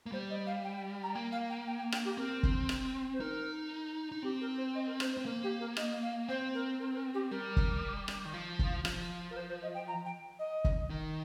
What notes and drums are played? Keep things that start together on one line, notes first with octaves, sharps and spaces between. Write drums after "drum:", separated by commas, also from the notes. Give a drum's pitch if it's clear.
A#3
G3 C5
D#5
F5
G5
G5
A#5
A#3 G5
F5
G5
G5
G5
G5, drum: rim click
G4
C4 A#4
drum: kick
drum: rim click
C5
D#4 A#4
D#4
C4 G4
A#4
C5
D#5
A#4
C5, drum: rim click
C5
C4
A#3 A#4
G4
A#4
D#5, drum: rim click
F5
C4 C5
A#4
A#4
C5
A#4
G4
G3 A#4
drum: kick
drum: rim click
D#3
F3
drum: kick
F3, drum: rim click
A#4
C5
C5
D#5
G5
A#5
G5
D#5
drum: kick
D#3